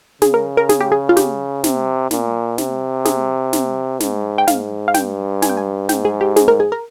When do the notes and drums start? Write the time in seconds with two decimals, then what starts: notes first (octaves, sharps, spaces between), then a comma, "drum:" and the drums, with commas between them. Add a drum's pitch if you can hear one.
0.22 C#3 G#4, drum: snare
0.34 A#4
0.57 A#4
0.69 G#4, drum: snare
0.81 G4
0.92 G#4
1.09 F4
1.17 G4, drum: snare
1.64 C3, drum: snare
2.11 A#2, drum: snare
2.58 C3, drum: snare
3.05 G#4, drum: snare
3.53 drum: snare
4.00 G#2, drum: snare
4.38 G5
4.48 G#2 F5, drum: snare
4.88 F5
4.94 G2 G5, drum: snare
5.42 G#5, drum: snare
5.49 G5
5.57 G#5
5.89 G#2 G5, drum: snare
6.05 G#4
6.21 G4
6.36 G#4, drum: snare
6.48 A#4
6.60 G#4
6.72 A#4